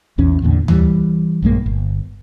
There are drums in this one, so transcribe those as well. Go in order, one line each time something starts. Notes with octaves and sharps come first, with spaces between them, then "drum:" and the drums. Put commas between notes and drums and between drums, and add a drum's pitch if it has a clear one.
A#1 E2 C#4
A1 E2 A#2 D3
E3 G3, drum: tom
A#1 G2 G#3 A#3
G1